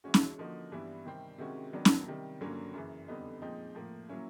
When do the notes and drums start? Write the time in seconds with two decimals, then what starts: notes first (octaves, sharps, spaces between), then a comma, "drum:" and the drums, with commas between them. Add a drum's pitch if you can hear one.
0.04 E3 G#3 C#4 F#4
0.14 drum: snare
0.38 D3 F3 A#3 D#4 F#4
0.72 G2 E3 G3 B3 E4
1.05 C3 D#3 G3 C4
1.38 C3 D#3 G#3 C#4 F#4
1.73 D#3 F#3 B3 D4
1.85 drum: snare
2.06 C3 D#3 G3
2.41 G2 D3 F#3 A#3 C#4
2.74 F#2 C#3 E3
3.08 F2 D3 G3 B3 D#4
3.42 A#2 F3 G#3 C4 D#4
3.75 A2 F3 A#3
4.09 A#2 F#3 A#3 C#4 E4